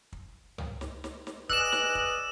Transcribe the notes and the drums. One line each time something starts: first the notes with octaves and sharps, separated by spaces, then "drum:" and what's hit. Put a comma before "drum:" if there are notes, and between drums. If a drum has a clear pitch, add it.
drum: kick
drum: tom C#2
drum: snare
drum: snare
drum: snare
G#4 B4 D5 D#5 E6 F#6 E7, drum: kick
drum: snare
drum: kick